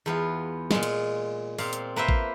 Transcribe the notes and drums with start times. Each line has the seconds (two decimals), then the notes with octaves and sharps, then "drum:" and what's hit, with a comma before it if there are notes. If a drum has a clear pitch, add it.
0.06 E2 B3 F4
0.71 A#2 G#3, drum: snare
0.83 drum: cymbal
1.58 A#2 C4 F5, drum: open hi-hat
1.73 drum: hi-hat
1.96 A#3 B4 C5 E5
2.09 drum: kick A1